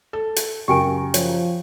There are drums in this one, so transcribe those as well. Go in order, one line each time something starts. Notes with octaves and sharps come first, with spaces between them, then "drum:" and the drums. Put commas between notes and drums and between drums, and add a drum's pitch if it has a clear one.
A4
drum: hi-hat
F#2 C#3 G4 A#4 G5 G#5
F3 C#5, drum: hi-hat